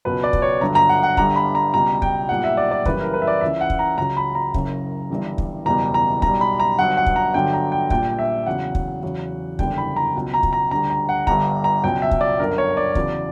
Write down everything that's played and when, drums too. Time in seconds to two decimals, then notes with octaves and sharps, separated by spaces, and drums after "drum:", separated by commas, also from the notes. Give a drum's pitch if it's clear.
0.05 C#2 B2 F#3 B4
0.23 D5
0.33 drum: kick
0.42 C#5
0.61 G1 G2 D3 F#3 A#5
0.75 A#5
0.89 F#5
1.03 F#5
1.17 G1 G2 D3 G3 A#5, drum: kick
1.36 B5
1.55 A#5
1.74 C#2 B2 G3 A#5
2.02 G5, drum: kick
2.29 B1 A#2 G3 F#5
2.44 E5
2.57 D5
2.71 D5
2.85 F#1 F#2 C#3 E3 G3 B4, drum: kick
3.00 A#4
3.14 B4
3.22 E5
3.27 D5
3.41 C#2 C#3 E3 E5
3.61 F#5
3.70 drum: kick
3.79 A#5
3.97 C#2 C#3 F#3 A#5
4.17 B5
4.35 A#5
4.54 F#1 F#2 C#3, drum: kick
5.10 G1 G2 E3 G3
5.38 drum: kick
5.66 F#1 E2 B2 G3 A#5
5.94 A#5
6.22 B1 B2 G3 A#5, drum: kick
6.41 B5
6.60 A#5
6.79 G1 G2 F#3 F#5
6.97 F#5
7.06 drum: kick
7.16 A#5
7.34 G1 G2 D3 F#3 G5
7.53 A#5
7.72 G5
7.90 A#1 A#2 G3 G5, drum: kick
8.19 E5
8.46 E2 C#3 F#3 F#5
8.75 drum: kick
9.03 E2 C#3 F#3
9.59 F#1 E2 D3 G3 G5, drum: kick
9.78 B5
9.96 A#5
10.15 C#2 B2 F#3
10.34 A#5
10.43 drum: kick
10.53 A#5
10.71 D2 D3 G3 A#5
10.90 A#5
11.09 F#5
11.27 G1 G2 D3 G3 A#5, drum: kick
11.64 A#5
11.83 C#2 B2 F#3 G5
12.02 E5
12.11 drum: kick
12.21 D5
12.39 G1 F#2 D3 A#4
12.58 C#5
12.77 D5
12.95 E2 C#3 F#3, drum: kick